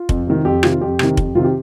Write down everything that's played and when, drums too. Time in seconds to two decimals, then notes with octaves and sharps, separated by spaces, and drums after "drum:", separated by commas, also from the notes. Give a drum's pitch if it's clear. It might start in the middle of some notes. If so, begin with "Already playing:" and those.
Already playing: F4
0.09 F2, drum: kick F1
0.27 C3 D#3
0.45 F2 G4
0.63 C3 D#3 F4, drum: rim click
0.81 F2 G4
0.99 C3 D#3, drum: rim click
1.17 F2, drum: kick F1
1.35 C3 D#3 F4
1.44 G4